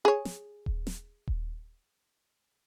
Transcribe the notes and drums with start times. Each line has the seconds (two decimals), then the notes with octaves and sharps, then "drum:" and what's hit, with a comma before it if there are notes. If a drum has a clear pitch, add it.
0.05 G#4 C#5
0.25 drum: snare
0.66 drum: kick D#1
0.87 drum: snare
1.27 drum: kick D#1